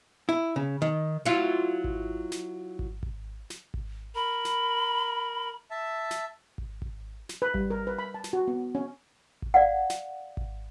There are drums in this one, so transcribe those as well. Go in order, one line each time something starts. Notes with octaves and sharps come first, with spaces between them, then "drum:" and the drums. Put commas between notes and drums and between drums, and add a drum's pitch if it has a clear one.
E4
C#3
D#3
F#3 E4 F4
drum: kick G#1
drum: snare
drum: kick G#1
drum: kick G#1
drum: snare
drum: kick G#1
A#4 B5
drum: snare
E5 A5
drum: snare
drum: kick G#1
drum: kick G#1
drum: snare
B4
G3, drum: kick G#1
A#4
B4
B5
A5
drum: snare
F#4
B3
C#4
drum: kick G#1
D5 F5 F#5
drum: snare
drum: kick G#1